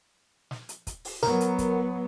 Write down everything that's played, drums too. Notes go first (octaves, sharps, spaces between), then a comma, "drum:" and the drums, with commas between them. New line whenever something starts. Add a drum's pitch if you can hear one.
drum: snare
drum: hi-hat
drum: kick, hi-hat
drum: open hi-hat
F#3 B3 A#4, drum: snare
drum: hi-hat
drum: kick, hi-hat